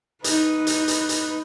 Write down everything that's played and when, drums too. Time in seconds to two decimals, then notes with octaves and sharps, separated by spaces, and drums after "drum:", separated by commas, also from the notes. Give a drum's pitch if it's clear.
0.24 D#4 B4, drum: hi-hat
0.67 drum: hi-hat
0.88 drum: hi-hat
1.09 drum: hi-hat